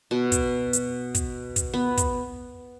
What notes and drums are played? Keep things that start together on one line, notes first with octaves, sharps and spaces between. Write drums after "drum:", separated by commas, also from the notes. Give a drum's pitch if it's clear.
B2
drum: kick, hi-hat
drum: hi-hat
drum: kick, hi-hat
drum: kick, hi-hat
B3
drum: kick, hi-hat